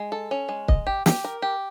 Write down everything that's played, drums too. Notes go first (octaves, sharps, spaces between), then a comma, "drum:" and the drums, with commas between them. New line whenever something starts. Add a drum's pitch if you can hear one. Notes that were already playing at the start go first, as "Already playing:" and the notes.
Already playing: G#3
A4
C#4
G#3
D#5, drum: kick
G4
G4, drum: snare
A#4
G4